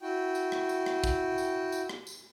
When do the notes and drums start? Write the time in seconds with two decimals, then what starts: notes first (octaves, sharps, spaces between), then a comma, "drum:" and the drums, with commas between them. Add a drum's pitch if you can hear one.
0.01 E4 F#4 G5
0.35 drum: tambourine
0.52 drum: rim click
0.69 drum: tambourine
0.86 drum: rim click
1.04 drum: kick, tambourine
1.38 drum: tambourine
1.72 drum: tambourine
1.89 drum: rim click
2.07 drum: tambourine